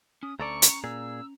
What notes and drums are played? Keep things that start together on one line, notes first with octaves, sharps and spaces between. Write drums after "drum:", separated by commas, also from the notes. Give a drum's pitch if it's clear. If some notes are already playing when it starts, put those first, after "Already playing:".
C#4 D#6
D2 C#4 A4 D5 A#5 C#6
drum: hi-hat
A#2 G#4 E6